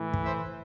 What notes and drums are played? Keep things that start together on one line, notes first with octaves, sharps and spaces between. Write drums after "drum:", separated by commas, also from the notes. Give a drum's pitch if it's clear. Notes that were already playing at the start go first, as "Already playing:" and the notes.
Already playing: A2 E3
drum: kick
C5 E5